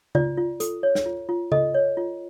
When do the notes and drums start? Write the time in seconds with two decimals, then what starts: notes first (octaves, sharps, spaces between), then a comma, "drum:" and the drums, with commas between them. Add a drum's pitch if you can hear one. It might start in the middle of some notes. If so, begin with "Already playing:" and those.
0.15 F4 D5, drum: tom C#3
0.37 F4
0.60 A4, drum: hi-hat
0.83 C#5
0.95 drum: snare
1.06 F4
1.29 F4
1.52 A4 D#5, drum: tom C#3
1.74 C#5
1.97 F4